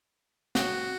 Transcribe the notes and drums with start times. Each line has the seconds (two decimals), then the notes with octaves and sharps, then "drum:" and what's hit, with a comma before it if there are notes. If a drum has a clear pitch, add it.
0.55 F#4, drum: snare